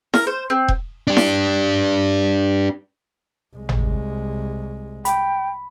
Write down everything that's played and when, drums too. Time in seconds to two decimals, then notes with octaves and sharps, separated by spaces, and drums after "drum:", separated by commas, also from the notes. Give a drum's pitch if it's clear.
0.14 A#4, drum: snare E4
0.27 C5
0.50 C4
0.68 drum: kick E1
1.07 D4 G4
1.17 drum: snare E4
3.56 C2 G#3
3.69 drum: tom G#1
5.05 G5 B5, drum: hi-hat